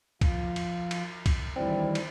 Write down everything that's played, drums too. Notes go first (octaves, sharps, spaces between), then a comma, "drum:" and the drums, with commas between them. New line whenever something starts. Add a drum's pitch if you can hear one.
F3 F4, drum: kick, cymbal
drum: cymbal
drum: cymbal
drum: kick, cymbal
D2 D#3 E3 G3 C4 E4 D5
drum: cymbal